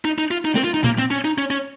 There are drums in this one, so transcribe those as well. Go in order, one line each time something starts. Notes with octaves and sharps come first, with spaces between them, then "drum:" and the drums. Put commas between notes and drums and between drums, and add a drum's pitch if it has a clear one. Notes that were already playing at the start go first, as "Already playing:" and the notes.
D#4
D#4
F4
D#4
C4, drum: snare
F4
D#4
A#3, drum: tom A#2
C4
C#4
D#4
C#4
C#4